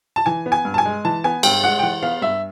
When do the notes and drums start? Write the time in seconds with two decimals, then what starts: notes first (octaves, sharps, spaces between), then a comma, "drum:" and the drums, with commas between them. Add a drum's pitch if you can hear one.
0.16 A5
0.26 E3 G#5
0.46 B3
0.52 G#5
0.65 G2
0.74 A5
0.78 G#5
0.85 G#3
1.05 E3 A5
1.24 B3 G#5
1.43 G2 G5, drum: cymbal
1.64 G#3 F#5
1.79 G5
1.83 E3 F#5
2.03 B3 F5
2.22 G2 E5